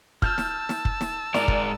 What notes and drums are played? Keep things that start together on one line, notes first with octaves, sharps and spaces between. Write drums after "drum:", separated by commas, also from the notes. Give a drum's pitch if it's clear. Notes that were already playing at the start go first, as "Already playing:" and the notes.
A5 E6 F6 G6, drum: kick
drum: snare
drum: snare
drum: kick
drum: snare
G#2 A#4 D5, drum: snare
drum: kick